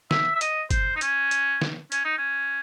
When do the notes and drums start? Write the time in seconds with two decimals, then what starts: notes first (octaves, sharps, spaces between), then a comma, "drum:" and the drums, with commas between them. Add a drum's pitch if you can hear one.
0.11 E5, drum: snare
0.35 E5
0.41 D#5, drum: hi-hat
0.70 C5, drum: kick G1, hi-hat
0.96 D#4
1.01 C#4, drum: hi-hat
1.31 drum: hi-hat
1.62 drum: snare
1.92 C#4, drum: hi-hat
2.04 D#4
2.18 C#4